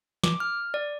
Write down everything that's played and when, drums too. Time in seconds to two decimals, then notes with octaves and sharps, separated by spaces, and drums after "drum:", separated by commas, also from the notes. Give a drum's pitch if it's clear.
0.24 D6, drum: snare
0.40 F6
0.74 D5